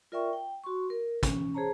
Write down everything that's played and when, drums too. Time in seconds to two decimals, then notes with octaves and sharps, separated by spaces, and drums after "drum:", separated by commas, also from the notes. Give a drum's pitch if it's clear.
0.12 F4 A#4 D5 E5 G5 C#6
0.33 G5
0.64 F#4 C6 C#6
0.90 A#4
1.23 C#4, drum: kick, hi-hat
1.54 G#4 C5 C#5 A5 A#5